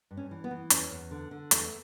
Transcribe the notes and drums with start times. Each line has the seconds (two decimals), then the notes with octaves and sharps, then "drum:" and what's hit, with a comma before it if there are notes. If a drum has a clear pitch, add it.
0.11 G2
0.17 C#4
0.31 E3
0.44 B3
0.51 E3
0.70 E2 C#4, drum: hi-hat
0.91 E2
1.11 D3
1.31 D3
1.51 E2 A3, drum: hi-hat